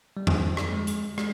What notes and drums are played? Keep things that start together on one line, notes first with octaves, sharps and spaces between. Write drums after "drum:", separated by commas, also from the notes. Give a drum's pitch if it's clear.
G3
F3, drum: tom F2
drum: rim click
G#3
drum: hi-hat
G#3, drum: rim click